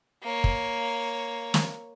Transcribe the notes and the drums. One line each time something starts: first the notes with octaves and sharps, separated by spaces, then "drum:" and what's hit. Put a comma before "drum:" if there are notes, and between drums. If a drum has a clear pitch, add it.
A#3 C#5
drum: kick
drum: snare